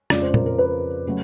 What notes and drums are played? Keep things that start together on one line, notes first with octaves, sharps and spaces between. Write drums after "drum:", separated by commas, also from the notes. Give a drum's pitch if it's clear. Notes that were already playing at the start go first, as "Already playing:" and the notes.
F2 C#3 F3 G#3 D5, drum: rim click
C5
A#4, drum: tom A#2
A#4
B4
C#3 F#3 A3